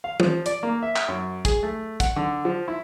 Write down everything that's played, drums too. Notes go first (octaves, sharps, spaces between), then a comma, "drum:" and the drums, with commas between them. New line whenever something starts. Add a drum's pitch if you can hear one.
F5
F3, drum: tom E3
D5, drum: hi-hat
A#3
E5
drum: clap
F#2
G#4, drum: kick, hi-hat
A3
F#5, drum: kick, hi-hat
D3
F3
E4